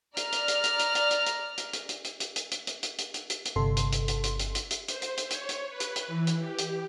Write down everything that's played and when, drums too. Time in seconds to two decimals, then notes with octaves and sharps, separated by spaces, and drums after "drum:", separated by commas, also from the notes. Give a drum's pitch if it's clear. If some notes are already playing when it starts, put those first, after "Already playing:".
0.17 D5 A#5 F6, drum: hi-hat
0.32 drum: hi-hat
0.48 drum: hi-hat
0.64 drum: hi-hat
0.79 drum: hi-hat
0.95 drum: hi-hat
1.11 drum: hi-hat
1.26 drum: hi-hat
1.58 drum: hi-hat
1.73 drum: hi-hat
1.89 drum: hi-hat
2.04 drum: hi-hat
2.20 drum: hi-hat
2.36 drum: hi-hat
2.51 drum: hi-hat
2.67 drum: hi-hat
2.83 drum: hi-hat
2.98 drum: hi-hat
3.14 drum: hi-hat
3.30 drum: hi-hat
3.45 drum: hi-hat
3.56 G1 C3 A4 C6
3.77 drum: hi-hat
3.92 drum: hi-hat
4.08 drum: hi-hat
4.24 drum: hi-hat
4.39 drum: hi-hat
4.55 drum: hi-hat
4.71 drum: hi-hat
4.88 C5, drum: hi-hat
5.02 drum: hi-hat
5.17 drum: hi-hat
5.30 C#5, drum: hi-hat
5.49 drum: hi-hat
5.69 B4
5.80 drum: hi-hat
5.96 drum: hi-hat
6.08 E3
6.27 drum: hi-hat
6.39 G4
6.58 drum: hi-hat